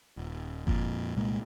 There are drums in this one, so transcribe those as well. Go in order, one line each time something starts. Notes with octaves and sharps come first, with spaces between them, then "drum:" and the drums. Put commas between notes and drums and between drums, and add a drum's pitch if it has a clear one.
D#1
F2 A#2, drum: kick G1
C2 A#2 G#3 A#3